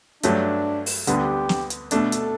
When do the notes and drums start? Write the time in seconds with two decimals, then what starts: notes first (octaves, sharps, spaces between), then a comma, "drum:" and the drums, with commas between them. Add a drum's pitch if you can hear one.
0.23 G2 F#3 A3 D4, drum: hi-hat
0.86 drum: open hi-hat
1.07 D2 D3 G3 B3 G4, drum: hi-hat
1.49 drum: snare
1.70 drum: hi-hat
1.91 B2 A3 D4 A4, drum: hi-hat
2.12 drum: hi-hat